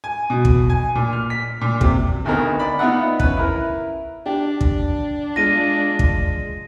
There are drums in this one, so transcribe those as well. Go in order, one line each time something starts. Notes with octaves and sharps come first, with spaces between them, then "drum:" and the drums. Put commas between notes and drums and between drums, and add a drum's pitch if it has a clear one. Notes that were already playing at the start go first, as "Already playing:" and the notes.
G#5
B2
drum: kick
G#5
A#2
F6
B6
A#2
C3, drum: kick
G#1 D2 D#3 B3 A#4
D5 B5
B3 D#4 F4 E5 F#5
C#4 B4, drum: kick
E4 A#4
D4 G4
drum: kick
G#3 F4 A#6 D#7
drum: kick